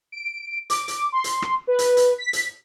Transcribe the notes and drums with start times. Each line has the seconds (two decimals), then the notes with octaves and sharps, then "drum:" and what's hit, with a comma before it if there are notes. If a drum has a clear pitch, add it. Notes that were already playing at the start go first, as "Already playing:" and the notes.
0.12 D7
0.70 D6, drum: hi-hat
0.88 drum: hi-hat
1.12 C6
1.24 drum: hi-hat
1.42 drum: rim click
1.67 B4
1.79 drum: hi-hat
1.97 drum: hi-hat
2.18 B6
2.33 drum: hi-hat